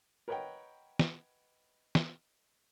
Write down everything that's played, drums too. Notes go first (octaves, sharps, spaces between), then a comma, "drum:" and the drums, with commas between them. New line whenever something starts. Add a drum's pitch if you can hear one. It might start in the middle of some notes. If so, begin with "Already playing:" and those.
A#4 B4 C#5 D#5 F#5 G5
drum: snare
drum: snare